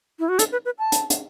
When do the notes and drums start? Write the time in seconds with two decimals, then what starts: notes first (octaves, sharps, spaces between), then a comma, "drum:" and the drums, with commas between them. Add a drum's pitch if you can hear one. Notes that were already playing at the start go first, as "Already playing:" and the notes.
0.19 E4
0.29 F#4
0.39 A4, drum: hi-hat
0.52 B4
0.65 B4
0.79 A5
0.92 drum: hi-hat
1.10 drum: hi-hat